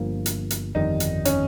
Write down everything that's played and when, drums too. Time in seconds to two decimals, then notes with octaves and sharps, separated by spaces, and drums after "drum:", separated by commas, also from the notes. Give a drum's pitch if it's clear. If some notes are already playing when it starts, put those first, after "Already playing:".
Already playing: G1 G2 F3 A#3
0.26 drum: hi-hat
0.50 drum: hi-hat
0.75 G1 F2 D#3 G3 D#4
1.00 drum: hi-hat
1.25 C#4, drum: hi-hat